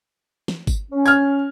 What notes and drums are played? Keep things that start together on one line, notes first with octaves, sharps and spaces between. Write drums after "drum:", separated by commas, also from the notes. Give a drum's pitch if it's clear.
drum: snare
drum: kick G1, tambourine
C#4
F6 G#6, drum: tambourine